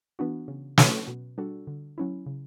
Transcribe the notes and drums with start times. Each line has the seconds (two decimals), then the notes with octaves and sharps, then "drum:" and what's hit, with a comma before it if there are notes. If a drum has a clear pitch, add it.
0.19 E3 B3 D4 F#4
0.48 C#3
0.78 F#3 C#4 F#4 B4, drum: snare
1.08 B2
1.38 G3 D4 F#4 A4
1.67 D3
1.98 F#3 C#4 E4
2.26 C#3